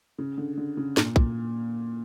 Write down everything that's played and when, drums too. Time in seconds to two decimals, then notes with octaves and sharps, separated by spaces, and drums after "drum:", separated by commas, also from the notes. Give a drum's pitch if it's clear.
0.18 C#3
0.38 D3
0.57 D3
0.77 C#3
0.97 A#2, drum: snare
1.16 A#2, drum: kick